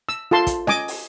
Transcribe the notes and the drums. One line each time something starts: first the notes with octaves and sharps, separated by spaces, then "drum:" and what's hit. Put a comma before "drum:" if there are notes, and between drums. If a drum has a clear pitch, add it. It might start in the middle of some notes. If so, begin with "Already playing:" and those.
E6
F4 A4 A5 C6
drum: kick, hi-hat
D#5 G#5 D6, drum: snare C#4
drum: open hi-hat